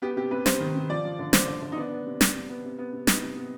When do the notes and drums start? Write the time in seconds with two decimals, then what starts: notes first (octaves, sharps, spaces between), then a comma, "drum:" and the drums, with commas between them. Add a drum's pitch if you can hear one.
0.02 B3 G4
0.16 C3 G4
0.31 C3 B4
0.46 C3 C5, drum: snare
0.60 D#3
0.76 C3
0.89 F3 D5
1.04 F3
1.19 D3
1.33 D3 C5, drum: snare
1.47 D3
1.62 D3
1.72 D#4
1.77 B3 D4
1.91 B3
2.06 C3
2.21 C3, drum: snare
2.35 C3
2.49 B3
2.64 C3
2.78 B3
2.93 C3
3.07 B3 D#4, drum: snare
3.23 C3
3.36 B3